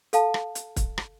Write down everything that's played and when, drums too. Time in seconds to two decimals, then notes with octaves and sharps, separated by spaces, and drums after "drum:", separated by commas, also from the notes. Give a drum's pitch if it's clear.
0.13 A4 F5 A5, drum: hi-hat
0.34 drum: rim click
0.55 drum: hi-hat
0.76 drum: kick, hi-hat
0.98 drum: rim click